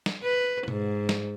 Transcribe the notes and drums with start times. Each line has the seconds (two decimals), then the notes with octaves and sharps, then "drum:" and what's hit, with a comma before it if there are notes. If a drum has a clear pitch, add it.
0.06 drum: snare
0.24 B4
0.68 G#2, drum: tom B2
1.09 drum: snare